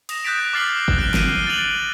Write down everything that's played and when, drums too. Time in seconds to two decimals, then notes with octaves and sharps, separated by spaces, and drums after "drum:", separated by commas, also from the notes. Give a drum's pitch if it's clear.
0.09 D#6 A#6 E7, drum: cymbal
0.24 D#6 F#6 G6 A6 B6 D7
0.53 D6 F6 A6 C7 F#7 G7
0.88 drum: kick G1
0.98 F#6 C7 D7 G7
1.14 C7 D#7 G7, drum: snare
1.47 A6 D7 D#7 F7 F#7